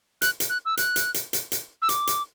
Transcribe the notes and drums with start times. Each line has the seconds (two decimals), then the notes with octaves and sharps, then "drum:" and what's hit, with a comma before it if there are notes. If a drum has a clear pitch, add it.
0.22 F#6, drum: hi-hat
0.40 drum: hi-hat
0.49 F#6
0.65 E6
0.77 F#6, drum: hi-hat
0.96 drum: hi-hat
1.14 drum: hi-hat
1.33 drum: hi-hat
1.52 drum: hi-hat
1.82 E6
1.89 D6, drum: hi-hat
2.07 drum: hi-hat